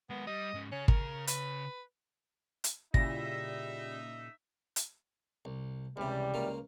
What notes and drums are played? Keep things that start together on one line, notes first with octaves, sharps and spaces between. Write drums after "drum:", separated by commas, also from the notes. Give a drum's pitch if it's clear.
G#3 A#3 B3
G3 D#5
G#2 C#4
C#3 C#4
A#4, drum: kick
B4, drum: hi-hat
drum: hi-hat
A#2 C#3 G3 D#4 E4 E5 A#6, drum: kick
drum: hi-hat
C2
C#2 C3 E3 G3
C#2 A#3 F4